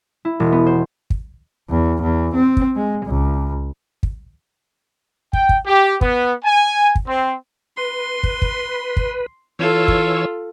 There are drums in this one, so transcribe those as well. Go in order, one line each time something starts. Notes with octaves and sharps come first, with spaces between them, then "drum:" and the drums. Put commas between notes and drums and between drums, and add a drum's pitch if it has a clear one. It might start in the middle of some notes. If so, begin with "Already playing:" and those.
E4
E1
B3
C5
drum: kick
E2
E2
C4
drum: kick
G#3
C#2
drum: kick
G5, drum: kick
drum: kick
G4
B3, drum: kick
G#5
drum: kick
C4
B4 C6
drum: kick
drum: kick
drum: kick
E3 F4 A4 C#5 E6
drum: kick